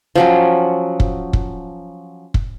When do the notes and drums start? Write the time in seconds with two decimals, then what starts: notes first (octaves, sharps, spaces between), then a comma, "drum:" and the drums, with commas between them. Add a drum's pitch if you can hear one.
0.16 F3 F#3 C#4
1.00 drum: kick
1.33 drum: kick
2.34 drum: kick